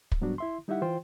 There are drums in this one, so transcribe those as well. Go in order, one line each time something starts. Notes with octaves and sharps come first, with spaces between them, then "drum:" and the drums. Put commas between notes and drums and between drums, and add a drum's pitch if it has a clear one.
drum: kick
G#2 F#3 G3 B3 D4 F#4
E4 E5 C6
G3 D#4 E4 G4 E5 F#5
E3 F4 C5 G5 C6